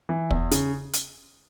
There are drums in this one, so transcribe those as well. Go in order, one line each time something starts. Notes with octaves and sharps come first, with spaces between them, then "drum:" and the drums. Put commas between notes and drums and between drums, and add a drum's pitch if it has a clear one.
E3
E2, drum: kick
C#3, drum: hi-hat
drum: hi-hat